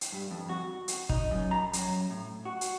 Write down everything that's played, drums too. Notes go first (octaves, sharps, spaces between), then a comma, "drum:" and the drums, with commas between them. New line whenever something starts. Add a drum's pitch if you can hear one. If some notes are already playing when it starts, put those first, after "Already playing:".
drum: hi-hat
G2
F2
F#4
drum: hi-hat
D#4, drum: kick
F#2
A#5
F#2, drum: hi-hat
A2
F#4
drum: hi-hat